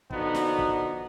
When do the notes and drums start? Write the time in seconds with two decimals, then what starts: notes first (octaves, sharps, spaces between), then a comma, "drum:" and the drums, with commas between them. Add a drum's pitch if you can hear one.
0.10 D3 F3 B3 D#4 F#4, drum: kick
0.35 drum: snare
0.59 drum: kick